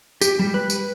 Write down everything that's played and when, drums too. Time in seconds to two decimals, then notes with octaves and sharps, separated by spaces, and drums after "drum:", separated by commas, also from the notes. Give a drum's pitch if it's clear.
0.21 G4, drum: tambourine
0.39 G3
0.54 B4
0.70 drum: tambourine